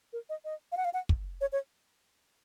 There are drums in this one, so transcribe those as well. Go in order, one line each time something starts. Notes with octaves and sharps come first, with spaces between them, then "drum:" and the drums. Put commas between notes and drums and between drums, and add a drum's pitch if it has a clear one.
A#4
D#5
D#5
F5
F#5
F5
F#5
drum: kick
C#5
C#5